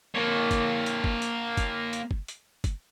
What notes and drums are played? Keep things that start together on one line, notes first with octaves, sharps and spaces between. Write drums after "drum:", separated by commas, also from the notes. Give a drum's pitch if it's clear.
A#3 C#5
drum: kick, hi-hat
drum: hi-hat
drum: kick
drum: hi-hat
drum: kick, hi-hat
drum: hi-hat
drum: kick
drum: hi-hat
drum: kick, hi-hat